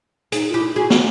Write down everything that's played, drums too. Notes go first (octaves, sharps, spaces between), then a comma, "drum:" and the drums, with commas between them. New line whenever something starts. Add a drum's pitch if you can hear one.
D#4 G#4, drum: hi-hat
F4
E4 G4
F#4 G#4
drum: snare